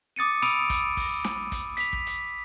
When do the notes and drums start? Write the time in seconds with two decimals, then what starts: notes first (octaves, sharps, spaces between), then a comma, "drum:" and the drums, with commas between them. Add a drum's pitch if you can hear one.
0.16 D6 D#6 A6 C#7 D#7
0.42 B5 D#6 E6 D7 D#7 F7, drum: hi-hat
0.70 drum: kick, hi-hat
0.97 drum: kick, open hi-hat
1.24 drum: snare
1.52 drum: kick, hi-hat
1.77 B6 F7, drum: hi-hat
1.93 drum: kick
2.06 drum: hi-hat